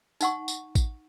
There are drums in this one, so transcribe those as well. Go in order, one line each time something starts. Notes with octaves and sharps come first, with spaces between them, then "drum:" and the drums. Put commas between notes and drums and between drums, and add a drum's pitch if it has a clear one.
D#4 F#5 C#6, drum: tambourine
drum: tambourine
drum: kick A1, tambourine